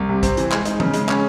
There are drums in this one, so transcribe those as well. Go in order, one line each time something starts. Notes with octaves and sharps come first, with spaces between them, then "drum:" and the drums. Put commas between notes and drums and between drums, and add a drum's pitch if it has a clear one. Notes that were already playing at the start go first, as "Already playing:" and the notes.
Already playing: C2
C3
C4, drum: kick, hi-hat
E3, drum: hi-hat
G#3, drum: clap
D#4, drum: hi-hat
C#3, drum: tom
G#3, drum: hi-hat
C#4, drum: clap